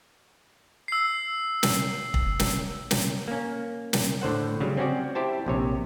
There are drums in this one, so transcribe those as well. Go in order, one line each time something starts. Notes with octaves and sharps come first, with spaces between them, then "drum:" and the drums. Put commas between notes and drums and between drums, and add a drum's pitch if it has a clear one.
E6 C7
drum: snare
drum: kick
drum: snare
drum: snare
A#3 C#4
drum: snare
A2 D3 C5 F#5
C#3 F#3 G3
C4 C#4 F#4 D5
E4 G4 C5 A5
A#1 C3 C#5